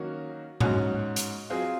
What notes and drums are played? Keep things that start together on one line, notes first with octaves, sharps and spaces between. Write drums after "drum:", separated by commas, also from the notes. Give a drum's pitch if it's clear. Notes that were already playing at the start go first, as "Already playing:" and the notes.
Already playing: D#3 F#3 A#3 C#4 F#4
G#2 F#3 C#4 F#4, drum: tom G#2
drum: hi-hat
F#3 C4 F4 G#4